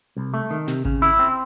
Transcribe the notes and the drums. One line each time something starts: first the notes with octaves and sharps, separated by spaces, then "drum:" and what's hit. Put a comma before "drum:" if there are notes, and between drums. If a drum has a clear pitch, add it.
C2
A3
D#3
C3, drum: snare
C#3, drum: kick G#1
E4
C4